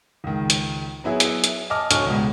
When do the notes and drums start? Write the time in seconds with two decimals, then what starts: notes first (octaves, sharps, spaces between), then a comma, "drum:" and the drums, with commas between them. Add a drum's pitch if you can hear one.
0.24 C#2 D#3
0.50 drum: hi-hat
1.04 F#3 B3 E4 G#4
1.20 drum: hi-hat
1.44 drum: hi-hat
1.70 D#5 G#5 A5 D6 F6
1.91 D1 D4 A4 C#5 G#5 F6, drum: hi-hat
2.06 C#2 G#2 B2